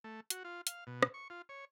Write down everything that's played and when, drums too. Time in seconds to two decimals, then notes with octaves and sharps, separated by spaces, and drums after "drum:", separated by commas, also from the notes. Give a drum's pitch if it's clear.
0.04 A3
0.30 F#4, drum: hi-hat
0.44 F4
0.67 F5, drum: hi-hat
0.87 B2
1.03 drum: rim click
1.14 C#6
1.30 F4
1.49 C#5